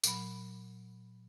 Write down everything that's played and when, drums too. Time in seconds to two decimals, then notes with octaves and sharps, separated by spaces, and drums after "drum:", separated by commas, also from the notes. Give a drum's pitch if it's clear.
0.04 A#2 F#3 B5, drum: tambourine